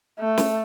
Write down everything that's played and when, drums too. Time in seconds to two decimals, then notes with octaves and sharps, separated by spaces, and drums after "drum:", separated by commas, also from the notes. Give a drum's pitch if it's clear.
0.20 A3
0.38 drum: snare